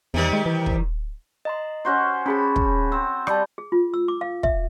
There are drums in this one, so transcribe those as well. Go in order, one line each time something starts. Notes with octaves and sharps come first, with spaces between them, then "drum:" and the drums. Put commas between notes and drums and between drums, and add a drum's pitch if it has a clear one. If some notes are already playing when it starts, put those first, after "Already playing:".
E2 C3 D#3 G3
G#3
E3
drum: kick
D#5 A#5 C6
C#4 F#4 C5
C#4 G#4 A5 B5
drum: kick
C4 E6
G3 A5 G6, drum: rim click
G#4
F4
E6
D6
F5
E5, drum: kick